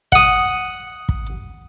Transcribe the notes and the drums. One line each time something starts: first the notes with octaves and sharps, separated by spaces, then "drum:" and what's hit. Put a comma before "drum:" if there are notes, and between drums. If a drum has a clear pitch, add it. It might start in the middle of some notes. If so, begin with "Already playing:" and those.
F#5 D#6, drum: kick
drum: kick